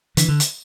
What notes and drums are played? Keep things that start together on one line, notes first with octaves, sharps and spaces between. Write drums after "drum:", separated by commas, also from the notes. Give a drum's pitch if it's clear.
D3 E3, drum: hi-hat
D3
drum: hi-hat